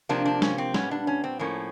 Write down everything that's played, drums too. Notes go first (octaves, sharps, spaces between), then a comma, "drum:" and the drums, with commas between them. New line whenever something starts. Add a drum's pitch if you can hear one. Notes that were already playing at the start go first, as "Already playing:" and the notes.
C3 F3 A#3 D4
D4
C#4, drum: snare
C4
A#2 G3 B3 C#4, drum: snare
D4
C#4
C4
A2 F3 A#3 C#4